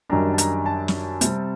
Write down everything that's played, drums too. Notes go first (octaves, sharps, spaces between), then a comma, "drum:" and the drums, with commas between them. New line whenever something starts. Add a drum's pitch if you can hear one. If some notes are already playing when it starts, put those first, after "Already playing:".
F#2 D#3 G3 D4 A#5
A5
A#5, drum: hi-hat
A5
drum: snare
C3 G3 C4, drum: hi-hat